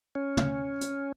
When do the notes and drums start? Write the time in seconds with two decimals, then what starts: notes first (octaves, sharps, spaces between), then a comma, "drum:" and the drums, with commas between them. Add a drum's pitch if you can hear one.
0.15 C#4
0.37 drum: tom
0.81 drum: hi-hat